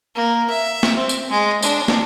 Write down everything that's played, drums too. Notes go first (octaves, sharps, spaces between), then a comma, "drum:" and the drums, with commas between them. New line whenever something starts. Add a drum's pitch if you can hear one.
A#3
E5
drum: snare
C4
drum: tambourine
G#3
D4, drum: tambourine
drum: snare